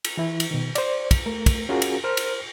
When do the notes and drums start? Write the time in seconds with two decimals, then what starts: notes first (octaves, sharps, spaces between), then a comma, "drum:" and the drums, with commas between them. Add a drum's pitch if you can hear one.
0.05 drum: cymbal
0.17 E3 E4
0.40 drum: cymbal
0.51 B2 D#3
0.75 C5 D5, drum: cymbal
1.11 drum: kick, cymbal
1.26 A3 A#4
1.46 drum: kick, cymbal
1.69 C#4 F4 F#4 G#4 A#4
1.82 drum: cymbal
2.04 A#4 C5 F6
2.17 drum: cymbal